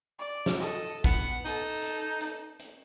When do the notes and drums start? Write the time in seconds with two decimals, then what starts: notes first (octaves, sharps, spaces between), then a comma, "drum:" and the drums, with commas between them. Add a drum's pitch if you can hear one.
0.19 D5
0.46 drum: snare
0.60 A4 D#5
1.04 B3 F#5, drum: kick, hi-hat
1.45 D#4 A4, drum: hi-hat
1.82 drum: hi-hat
2.21 drum: hi-hat
2.59 drum: hi-hat